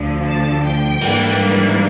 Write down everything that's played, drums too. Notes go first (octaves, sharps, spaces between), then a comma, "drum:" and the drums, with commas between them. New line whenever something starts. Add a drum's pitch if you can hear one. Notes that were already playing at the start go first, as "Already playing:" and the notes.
Already playing: D2 D3 F3
A5
G5
G#2 E3 G3 A#3 D4, drum: open hi-hat